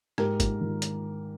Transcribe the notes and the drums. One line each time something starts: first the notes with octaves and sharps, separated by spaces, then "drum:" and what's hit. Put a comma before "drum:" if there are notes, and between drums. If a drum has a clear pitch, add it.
G#2 G4 A#4, drum: rim click
G#2, drum: kick G1, hi-hat
D#3
drum: hi-hat